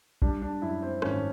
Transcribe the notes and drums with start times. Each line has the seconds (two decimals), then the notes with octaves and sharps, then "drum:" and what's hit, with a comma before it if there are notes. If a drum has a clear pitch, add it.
0.22 G3 D4, drum: kick
0.42 D4
0.62 F#2 E4
0.82 C4
1.02 G#1 C#4, drum: rim click